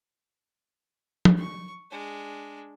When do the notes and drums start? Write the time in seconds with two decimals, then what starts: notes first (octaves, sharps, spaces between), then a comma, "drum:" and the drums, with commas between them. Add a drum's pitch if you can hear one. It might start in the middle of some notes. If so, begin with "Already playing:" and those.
1.25 drum: tom F3
1.37 C#6
1.91 G#3 D4